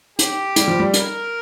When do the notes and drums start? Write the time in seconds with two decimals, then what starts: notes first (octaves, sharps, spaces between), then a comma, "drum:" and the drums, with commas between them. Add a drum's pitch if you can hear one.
0.19 G4, drum: hi-hat
0.56 G3, drum: hi-hat
0.68 F3
0.79 G3
0.94 A#4, drum: hi-hat